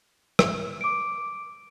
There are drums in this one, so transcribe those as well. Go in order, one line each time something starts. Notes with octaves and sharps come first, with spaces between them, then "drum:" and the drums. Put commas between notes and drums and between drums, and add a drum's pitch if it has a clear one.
drum: rim click
D6 D7